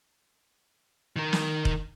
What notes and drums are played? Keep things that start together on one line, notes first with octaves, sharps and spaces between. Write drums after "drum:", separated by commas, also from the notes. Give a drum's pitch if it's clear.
D#3 A#4
drum: snare
drum: kick F1